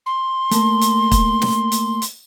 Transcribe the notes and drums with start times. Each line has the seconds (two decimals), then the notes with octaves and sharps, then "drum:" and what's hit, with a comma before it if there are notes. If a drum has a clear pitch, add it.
0.06 C6
0.51 A3 A#3, drum: hi-hat
0.81 drum: hi-hat
1.11 drum: kick, hi-hat
1.42 drum: snare
1.72 drum: hi-hat
2.02 drum: hi-hat